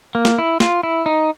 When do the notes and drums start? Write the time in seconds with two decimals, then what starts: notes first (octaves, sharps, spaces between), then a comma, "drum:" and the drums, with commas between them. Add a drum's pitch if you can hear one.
0.15 A#3
0.25 drum: snare
0.38 E4
0.60 F4, drum: snare
0.83 E4
1.06 D#4